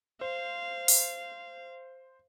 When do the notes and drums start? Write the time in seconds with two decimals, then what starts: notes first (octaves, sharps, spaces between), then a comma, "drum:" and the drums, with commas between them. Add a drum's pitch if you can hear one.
0.21 C5 F5
0.88 drum: open hi-hat